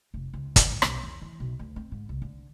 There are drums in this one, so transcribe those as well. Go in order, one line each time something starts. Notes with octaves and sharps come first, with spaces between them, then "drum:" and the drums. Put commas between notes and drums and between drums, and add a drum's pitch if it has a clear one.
F1
C#2
D3, drum: kick, hi-hat
B1, drum: rim click
E2
E3
B1
D2
C4
G#2
C2
D3